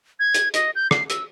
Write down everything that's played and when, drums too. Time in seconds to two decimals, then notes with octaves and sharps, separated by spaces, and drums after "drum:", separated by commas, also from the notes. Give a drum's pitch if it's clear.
0.20 G#6
0.34 drum: hi-hat
0.54 D#5, drum: hi-hat
0.75 G6
0.91 C7, drum: rim click
1.10 E6, drum: hi-hat